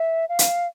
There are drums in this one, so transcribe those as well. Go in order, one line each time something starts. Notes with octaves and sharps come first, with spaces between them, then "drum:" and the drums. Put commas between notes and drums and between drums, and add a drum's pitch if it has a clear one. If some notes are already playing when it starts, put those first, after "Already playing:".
Already playing: E5
F5
drum: hi-hat